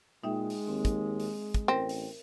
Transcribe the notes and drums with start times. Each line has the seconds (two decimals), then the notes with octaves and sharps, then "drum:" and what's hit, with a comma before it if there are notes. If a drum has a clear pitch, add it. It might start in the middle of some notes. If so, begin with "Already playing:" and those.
0.24 A#2 G#3 D#4 E5 G5
0.50 drum: open hi-hat
0.67 D#2 C4
0.85 drum: kick, hi-hat
1.20 drum: open hi-hat
1.54 drum: kick, hi-hat
1.68 A1 C4 A#4
1.89 drum: open hi-hat